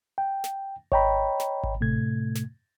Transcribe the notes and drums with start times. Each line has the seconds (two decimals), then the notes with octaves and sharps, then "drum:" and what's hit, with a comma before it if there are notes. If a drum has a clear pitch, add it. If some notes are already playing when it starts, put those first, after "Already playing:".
0.18 G5
0.44 drum: snare
0.92 C#5 D#5 G5 A#5 B5, drum: kick G#1
1.40 drum: snare
1.64 drum: kick G#1
1.81 A2 C3 A3 G#6
2.35 drum: snare